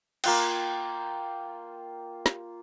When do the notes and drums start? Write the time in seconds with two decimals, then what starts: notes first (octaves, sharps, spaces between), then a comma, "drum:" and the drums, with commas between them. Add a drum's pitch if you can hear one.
0.24 A#3 F4 G5, drum: cymbal
2.26 drum: snare